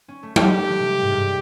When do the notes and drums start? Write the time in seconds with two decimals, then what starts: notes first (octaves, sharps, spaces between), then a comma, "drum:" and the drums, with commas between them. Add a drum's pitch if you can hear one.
0.08 C#4
0.23 A3
0.36 A3 G4, drum: tom F#3
0.48 G3
0.58 A3
0.69 E3
0.80 C3
1.02 G#2
1.11 G2